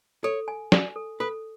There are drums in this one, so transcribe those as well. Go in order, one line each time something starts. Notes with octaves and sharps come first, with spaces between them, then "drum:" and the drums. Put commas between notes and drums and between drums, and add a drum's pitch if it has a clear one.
A4 C#5
G#5
D5 G#5, drum: snare
A4
A4 B4